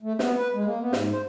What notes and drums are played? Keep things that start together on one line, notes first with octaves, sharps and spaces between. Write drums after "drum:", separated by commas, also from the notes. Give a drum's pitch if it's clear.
A3
B3, drum: snare
B4
G#3
A#3
B3
G#2, drum: snare
C5